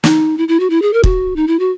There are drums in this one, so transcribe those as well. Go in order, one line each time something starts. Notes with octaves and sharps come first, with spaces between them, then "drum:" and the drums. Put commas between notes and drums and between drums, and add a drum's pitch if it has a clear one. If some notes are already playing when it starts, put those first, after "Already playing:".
D#4, drum: snare
E4
E4
F#4
E4
G#4
A#4
F#4, drum: kick
D#4
E4
F#4